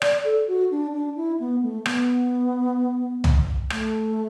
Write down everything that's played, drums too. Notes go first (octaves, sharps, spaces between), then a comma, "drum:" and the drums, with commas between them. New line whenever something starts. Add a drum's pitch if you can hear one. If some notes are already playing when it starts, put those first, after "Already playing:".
D5, drum: rim click
A4
F#4
D4
D4
E4
B3
A3
B3, drum: rim click
drum: tom C2
A3, drum: rim click